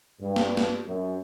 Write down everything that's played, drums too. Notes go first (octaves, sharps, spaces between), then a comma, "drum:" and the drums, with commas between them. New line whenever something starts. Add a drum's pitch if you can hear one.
G2
drum: snare
drum: snare
F#2